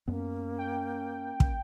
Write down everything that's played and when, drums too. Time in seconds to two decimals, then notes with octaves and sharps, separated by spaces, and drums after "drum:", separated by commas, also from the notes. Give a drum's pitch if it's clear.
0.08 F#2 A#3 B3 C#4
0.58 G5
1.40 drum: kick